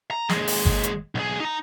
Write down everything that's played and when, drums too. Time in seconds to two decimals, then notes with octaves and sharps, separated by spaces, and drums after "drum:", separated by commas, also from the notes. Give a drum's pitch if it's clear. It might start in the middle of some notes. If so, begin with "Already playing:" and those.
0.11 A#5
0.30 D#2 G#3, drum: snare
0.47 drum: open hi-hat
0.65 drum: kick G1
0.83 drum: hi-hat
1.15 B1 G#4
1.40 D#4 A#5